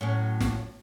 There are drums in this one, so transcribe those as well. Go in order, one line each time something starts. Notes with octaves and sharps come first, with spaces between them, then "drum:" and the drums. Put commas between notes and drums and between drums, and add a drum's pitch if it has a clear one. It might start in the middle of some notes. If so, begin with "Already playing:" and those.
A2 F#3 C#4
drum: snare